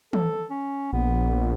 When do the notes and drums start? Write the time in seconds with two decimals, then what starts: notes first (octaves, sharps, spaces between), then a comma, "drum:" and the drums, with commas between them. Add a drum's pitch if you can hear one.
0.13 A4, drum: tom
0.50 C#4
0.93 A#1 B3